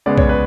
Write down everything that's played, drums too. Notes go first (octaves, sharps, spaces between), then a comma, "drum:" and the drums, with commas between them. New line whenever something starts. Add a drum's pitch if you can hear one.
C#3 G#3 B3 D5
C#5, drum: kick
B4